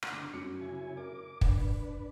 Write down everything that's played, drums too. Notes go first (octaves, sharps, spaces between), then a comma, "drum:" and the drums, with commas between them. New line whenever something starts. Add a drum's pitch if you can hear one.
drum: rim click
D3 D6
F#2 F#4 C#7
C#3 E4 G#5
A#4 D6
D4 B4, drum: kick